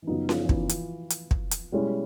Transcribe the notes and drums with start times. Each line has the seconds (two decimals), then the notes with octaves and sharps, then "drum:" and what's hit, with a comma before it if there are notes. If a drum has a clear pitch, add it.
0.02 E3
0.07 F#2 C#3 F3 F#3 B3 D#4
0.29 F3, drum: snare C#4
0.45 E3
0.49 F3, drum: kick
0.69 drum: hi-hat
1.10 drum: hi-hat
1.31 drum: kick
1.51 drum: hi-hat
1.72 B2 G3 G#3 C#4 E4